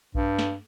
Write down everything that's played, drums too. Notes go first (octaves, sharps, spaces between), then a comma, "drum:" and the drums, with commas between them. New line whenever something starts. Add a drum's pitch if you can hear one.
G2, drum: kick A#1
drum: snare